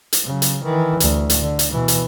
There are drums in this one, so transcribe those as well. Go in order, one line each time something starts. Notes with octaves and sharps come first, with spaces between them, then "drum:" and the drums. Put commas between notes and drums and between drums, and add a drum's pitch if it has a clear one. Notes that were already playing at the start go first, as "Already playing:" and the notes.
drum: hi-hat
C#3 F#3
drum: hi-hat
D#3 E3
D2, drum: hi-hat
drum: hi-hat
D3
drum: hi-hat
B2 E3
drum: hi-hat